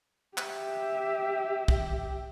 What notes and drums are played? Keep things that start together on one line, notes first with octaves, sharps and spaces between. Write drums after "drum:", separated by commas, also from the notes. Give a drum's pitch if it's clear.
G4 E5, drum: clap
drum: kick